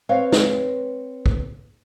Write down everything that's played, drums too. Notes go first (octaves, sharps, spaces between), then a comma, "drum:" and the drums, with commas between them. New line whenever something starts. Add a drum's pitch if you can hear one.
C4 B4 C#5 F5
drum: snare
drum: kick